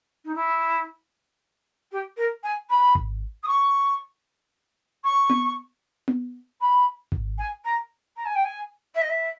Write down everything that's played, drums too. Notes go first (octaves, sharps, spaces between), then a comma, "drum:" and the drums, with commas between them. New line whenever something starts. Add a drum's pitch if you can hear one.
D#4
E4
G4
A#4
G#5
B5
drum: kick G#1
D#6
C#6
C#6
drum: tom B3
drum: tom B3
B5
drum: kick G#1
G#5
A#5
A#5
G#5
G5
G#5
E5
D#5
E5